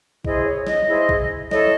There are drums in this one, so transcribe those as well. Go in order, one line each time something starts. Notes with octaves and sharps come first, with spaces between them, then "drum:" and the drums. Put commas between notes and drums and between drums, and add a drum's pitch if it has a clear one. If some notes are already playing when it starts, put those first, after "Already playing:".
E4 G#4 C5 D#5, drum: kick A#1
C#5
D#5, drum: snare
E4 G#4 C5
drum: kick A#1
E4 A4 C#5 D#5, drum: snare